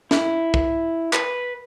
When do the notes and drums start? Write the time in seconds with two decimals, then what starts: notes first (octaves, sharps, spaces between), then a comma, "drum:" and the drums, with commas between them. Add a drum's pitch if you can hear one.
0.11 E4, drum: snare
0.54 drum: kick
1.13 B4, drum: clap